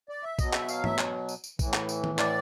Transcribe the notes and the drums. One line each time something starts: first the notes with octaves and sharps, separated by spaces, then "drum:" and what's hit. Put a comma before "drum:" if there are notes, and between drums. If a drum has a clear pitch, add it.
D5
E5
B2 F#3 D#5, drum: kick, tambourine
E5, drum: clap
F5, drum: tambourine
E5, drum: tom
drum: clap
drum: tambourine
drum: tambourine
A2 E3, drum: kick, tambourine
drum: clap
drum: tambourine
drum: tom D#3
D5, drum: clap